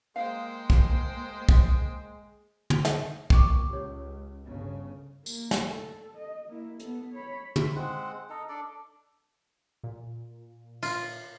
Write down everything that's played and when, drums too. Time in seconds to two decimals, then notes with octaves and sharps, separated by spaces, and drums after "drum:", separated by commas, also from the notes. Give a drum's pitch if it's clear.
0.16 G#3 A#3 C5 F5 G5
0.70 drum: kick
1.49 drum: kick
2.70 drum: tom
2.85 drum: snare
3.30 A#2 G5 C#6 D6, drum: kick
3.69 C#2 G4 C#5
4.44 G1 C#3
5.26 A#3, drum: tambourine
5.51 drum: snare
5.71 A4
6.17 D#5
6.48 A#3 E4
6.80 B3 A4, drum: hi-hat
7.12 C#5 B5
7.56 E4 B5 C6, drum: tom
7.76 G#3 C4 C5 F#5
8.30 D#4 A4
8.49 D4 A4 D5
9.84 A#2
10.83 F4, drum: cymbal